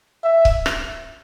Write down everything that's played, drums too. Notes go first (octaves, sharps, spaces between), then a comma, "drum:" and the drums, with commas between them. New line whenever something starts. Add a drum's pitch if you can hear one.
E5
drum: kick C#1
drum: rim click